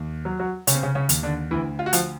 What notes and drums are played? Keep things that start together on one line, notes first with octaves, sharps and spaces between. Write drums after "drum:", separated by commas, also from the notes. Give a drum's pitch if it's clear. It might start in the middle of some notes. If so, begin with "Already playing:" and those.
Already playing: D#2
F#3
F#3 F#4
C#3 C#4, drum: hi-hat
C4
C#3 C#4
C#3 C#4
D#2, drum: hi-hat
D3 D4
D2 E3 E4
F4
F#4
F3 F4, drum: hi-hat